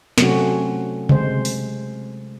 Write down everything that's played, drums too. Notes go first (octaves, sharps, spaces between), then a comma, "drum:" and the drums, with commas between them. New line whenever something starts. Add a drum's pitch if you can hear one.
C3 F#3 A3 C4 C#4 F#4, drum: snare
C3 G#3 C5, drum: tom C3
drum: open hi-hat